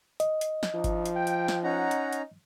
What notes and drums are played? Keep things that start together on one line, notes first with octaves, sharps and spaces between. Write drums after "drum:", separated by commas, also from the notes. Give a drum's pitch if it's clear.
D#5, drum: hi-hat
drum: hi-hat
drum: snare
F3 D4 D#4
drum: kick G1, hi-hat
drum: hi-hat
G5
drum: hi-hat
drum: snare
C#4 D#4 F#5 A#5
drum: hi-hat
drum: hi-hat